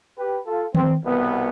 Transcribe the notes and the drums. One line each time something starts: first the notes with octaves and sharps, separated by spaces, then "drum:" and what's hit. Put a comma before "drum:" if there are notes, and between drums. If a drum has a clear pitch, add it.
G4 B4
F4 A4
C4, drum: tom D#3
C2 B2 B3